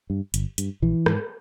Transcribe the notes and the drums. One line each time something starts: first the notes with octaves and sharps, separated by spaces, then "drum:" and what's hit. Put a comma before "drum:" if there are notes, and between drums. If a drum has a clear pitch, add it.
G2
G1, drum: hi-hat
G2, drum: hi-hat
A#1 E3
G#2, drum: rim click